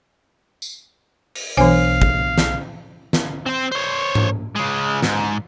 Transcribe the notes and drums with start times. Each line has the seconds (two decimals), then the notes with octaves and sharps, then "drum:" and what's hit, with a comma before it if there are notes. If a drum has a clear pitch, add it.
0.62 drum: tambourine
1.36 drum: open hi-hat
1.57 B1 B2 E3 D4 C5 C#5 F5 G#5
2.02 drum: kick
2.38 drum: snare
3.13 drum: snare
3.46 C4 C5
3.72 C5 C#5
4.15 drum: tom G#2
4.56 C#3 G#3
5.02 G#2, drum: snare